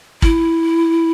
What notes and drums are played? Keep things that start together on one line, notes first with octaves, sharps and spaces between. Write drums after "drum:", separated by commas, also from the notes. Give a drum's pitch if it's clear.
E4, drum: kick